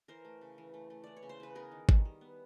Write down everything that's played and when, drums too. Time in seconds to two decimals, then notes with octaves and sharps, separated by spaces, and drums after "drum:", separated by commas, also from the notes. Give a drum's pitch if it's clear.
0.08 E3 A#4 C5
0.25 A3
0.41 C#3
0.58 E3
0.74 A3
0.90 A3
1.04 E3 D5
1.17 C#5
1.23 C#3
1.29 C5
1.40 C#3 B4
1.55 B3 G#4 A#4
1.72 D#3
1.89 D#3, drum: kick G#1
2.05 G3
2.21 B3